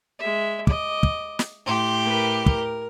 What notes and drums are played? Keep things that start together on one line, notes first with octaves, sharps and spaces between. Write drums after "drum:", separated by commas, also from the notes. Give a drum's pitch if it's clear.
G#3 E5
D#5 D6, drum: kick
drum: kick
drum: snare
A2 G4 C6
A#4 B4
A#4, drum: kick